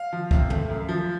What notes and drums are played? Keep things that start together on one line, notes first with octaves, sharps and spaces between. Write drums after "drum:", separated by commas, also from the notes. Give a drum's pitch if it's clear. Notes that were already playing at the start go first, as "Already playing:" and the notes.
Already playing: F5
F3
C3, drum: kick
A3, drum: tom
F#2
F3